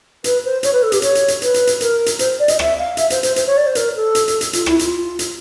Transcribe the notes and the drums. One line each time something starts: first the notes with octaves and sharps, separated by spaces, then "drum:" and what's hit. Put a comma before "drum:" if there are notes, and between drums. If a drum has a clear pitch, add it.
B4, drum: hi-hat
C5
C#5, drum: hi-hat
B4
A4
G4, drum: hi-hat
C#5, drum: hi-hat
drum: hi-hat
drum: hi-hat
B4, drum: hi-hat
drum: hi-hat
drum: hi-hat
A#4, drum: hi-hat
drum: hi-hat
C5, drum: hi-hat
D5
D#5, drum: hi-hat
E5, drum: rim click
F5
E5, drum: hi-hat
C5, drum: hi-hat
C5, drum: hi-hat
C5, drum: hi-hat
C#5
D5
C5
A#4, drum: hi-hat
A4
drum: hi-hat
drum: hi-hat
drum: hi-hat
F4, drum: hi-hat
E4, drum: rim click
F4, drum: hi-hat
drum: hi-hat